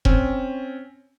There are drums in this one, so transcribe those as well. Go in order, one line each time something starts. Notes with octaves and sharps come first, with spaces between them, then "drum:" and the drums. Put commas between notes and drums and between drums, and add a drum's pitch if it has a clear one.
C4 C#4, drum: kick E1